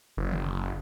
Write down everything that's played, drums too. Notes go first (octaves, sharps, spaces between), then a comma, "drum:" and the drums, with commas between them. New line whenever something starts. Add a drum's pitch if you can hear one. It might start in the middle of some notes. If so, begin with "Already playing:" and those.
F#1
drum: tom D3